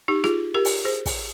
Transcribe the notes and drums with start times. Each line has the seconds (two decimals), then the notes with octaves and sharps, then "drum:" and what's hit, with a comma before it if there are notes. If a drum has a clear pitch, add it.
0.08 D#4 G4
0.24 F4 G#4, drum: rim click
0.54 G4 A#4
0.65 drum: open hi-hat
0.85 G#4 C5
1.06 drum: kick, open hi-hat